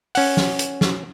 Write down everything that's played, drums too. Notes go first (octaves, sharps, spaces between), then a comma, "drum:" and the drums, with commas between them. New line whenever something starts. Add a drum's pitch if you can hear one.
C#4 F#5, drum: open hi-hat
drum: snare
drum: hi-hat
drum: snare